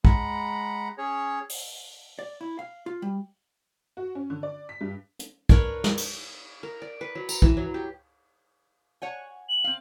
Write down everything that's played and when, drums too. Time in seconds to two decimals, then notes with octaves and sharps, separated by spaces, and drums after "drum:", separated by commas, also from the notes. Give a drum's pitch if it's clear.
0.05 G#3 F#5 A#5 B5, drum: kick
0.98 C#4 G#4 C#5
1.49 drum: open hi-hat
2.19 D5
2.41 E4
2.59 F5
2.86 F4
3.02 G3
3.97 F#4
4.15 C#4
4.30 D3
4.43 D5
4.69 B6
4.81 G2
5.20 drum: hi-hat
5.49 D4 A#4 B4 C#5, drum: kick
5.84 drum: snare
5.97 drum: cymbal
6.63 A#4
6.82 D5
7.01 B4
7.15 F#3
7.29 A#5, drum: tambourine
7.42 E3, drum: kick
7.57 F#3
7.74 G4
9.02 C#5 F#5 G#5
9.49 F#7
9.64 C4 F5